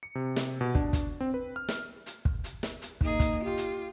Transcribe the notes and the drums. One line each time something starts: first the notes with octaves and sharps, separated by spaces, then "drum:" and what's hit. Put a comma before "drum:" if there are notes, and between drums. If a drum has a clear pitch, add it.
C#7
C3
drum: snare
B2
D4, drum: kick
drum: kick, hi-hat
C4
B4
F6
drum: snare
drum: hi-hat
drum: kick
drum: hi-hat
drum: snare
drum: hi-hat
A#3 D#4 G#4, drum: kick
drum: kick, hi-hat
F4 G4
drum: hi-hat